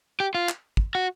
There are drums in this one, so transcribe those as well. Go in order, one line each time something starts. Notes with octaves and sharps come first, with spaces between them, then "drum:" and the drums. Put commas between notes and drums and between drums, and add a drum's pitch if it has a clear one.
G4
F4
drum: clap
drum: kick
F#4